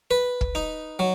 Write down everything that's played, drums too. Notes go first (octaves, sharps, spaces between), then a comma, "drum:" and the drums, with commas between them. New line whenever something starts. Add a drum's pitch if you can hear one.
B4
drum: kick
D#4
F#3